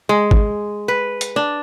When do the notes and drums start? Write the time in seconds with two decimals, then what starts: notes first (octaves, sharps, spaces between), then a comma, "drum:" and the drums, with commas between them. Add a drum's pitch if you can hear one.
0.09 G#3
0.31 drum: kick G#1
0.88 B4
1.21 drum: hi-hat
1.36 D4